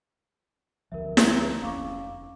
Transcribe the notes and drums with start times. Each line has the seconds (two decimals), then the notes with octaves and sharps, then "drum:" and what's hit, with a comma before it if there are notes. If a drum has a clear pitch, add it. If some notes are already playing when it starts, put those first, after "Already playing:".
0.92 D2 F3 A#4 E5
1.17 A#5, drum: snare
1.62 F1 C#4 F5 C#6 D6